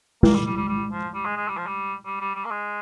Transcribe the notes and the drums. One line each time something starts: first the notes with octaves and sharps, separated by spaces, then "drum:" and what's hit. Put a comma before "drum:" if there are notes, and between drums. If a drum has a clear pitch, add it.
A#3, drum: tom G#3
G3
G3
G3
G3
F3
G3
G#3
G#3
G3
F3
G3
G3
G3
G3
A#3
G#3